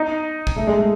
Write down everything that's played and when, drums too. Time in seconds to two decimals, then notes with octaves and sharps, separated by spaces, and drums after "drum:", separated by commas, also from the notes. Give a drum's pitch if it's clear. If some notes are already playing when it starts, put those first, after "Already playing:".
Already playing: D#4
0.47 drum: kick
0.56 A3
0.67 G#3
0.77 A3